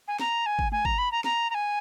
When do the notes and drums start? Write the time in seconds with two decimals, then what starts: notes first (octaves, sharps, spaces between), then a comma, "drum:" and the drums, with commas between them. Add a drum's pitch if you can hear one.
0.08 G#5
0.19 A#5, drum: snare
0.46 G#5
0.59 drum: kick
0.72 G#5, drum: tom G#3
0.85 A#5, drum: kick
0.98 B5
1.11 A#5
1.24 A#5, drum: snare
1.50 A#5
1.54 G#5